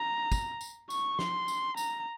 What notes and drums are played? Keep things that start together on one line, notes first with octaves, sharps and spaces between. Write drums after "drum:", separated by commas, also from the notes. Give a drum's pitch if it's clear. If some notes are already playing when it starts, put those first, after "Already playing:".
Already playing: A#5
drum: kick, tambourine
drum: tambourine
C#6, drum: tambourine
C6, drum: snare
drum: tambourine
A#5, drum: tambourine